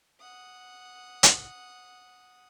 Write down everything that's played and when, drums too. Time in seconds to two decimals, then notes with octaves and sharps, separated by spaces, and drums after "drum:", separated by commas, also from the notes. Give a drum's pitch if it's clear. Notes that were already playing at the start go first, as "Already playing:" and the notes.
0.20 F#5 D#6
1.23 drum: hi-hat